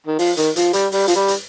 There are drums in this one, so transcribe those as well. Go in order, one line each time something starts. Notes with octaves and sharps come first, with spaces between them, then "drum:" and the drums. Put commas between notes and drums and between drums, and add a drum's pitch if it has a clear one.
D#3
F3, drum: open hi-hat
D#3, drum: hi-hat
F3, drum: hi-hat
G3, drum: hi-hat
G3, drum: open hi-hat
F3, drum: hi-hat
G3
drum: hi-hat